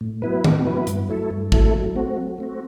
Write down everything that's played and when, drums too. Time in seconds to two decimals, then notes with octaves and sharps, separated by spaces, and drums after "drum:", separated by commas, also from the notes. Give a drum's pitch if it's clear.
0.01 A2
0.22 F#3 B3 E4 B4
0.44 A2, drum: tom D#3
0.65 F#3 B3 E4 B4
0.87 G2, drum: hi-hat
1.09 F#3 A3 E4 A4
1.31 G2
1.52 F#3 A3 E4 A4, drum: kick
1.73 F#3
1.96 A3 C4 F#4
2.17 F#3
2.38 A3 C4 F#4